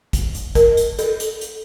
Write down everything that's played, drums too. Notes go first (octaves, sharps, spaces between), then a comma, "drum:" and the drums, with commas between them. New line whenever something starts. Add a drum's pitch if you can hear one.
drum: kick, hi-hat
drum: hi-hat
A#4, drum: kick, hi-hat
drum: hi-hat
A4, drum: hi-hat
drum: hi-hat
drum: hi-hat